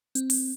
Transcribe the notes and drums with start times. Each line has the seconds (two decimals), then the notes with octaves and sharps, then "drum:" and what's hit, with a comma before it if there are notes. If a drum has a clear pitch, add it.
0.15 C4, drum: hi-hat
0.30 drum: open hi-hat